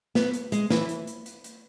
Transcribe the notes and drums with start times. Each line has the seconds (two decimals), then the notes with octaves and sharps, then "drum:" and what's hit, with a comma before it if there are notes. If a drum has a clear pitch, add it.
0.15 B3, drum: snare
0.33 drum: hi-hat
0.52 G#3, drum: hi-hat
0.70 E3, drum: snare
0.89 drum: hi-hat
1.07 drum: hi-hat
1.26 drum: hi-hat
1.44 drum: hi-hat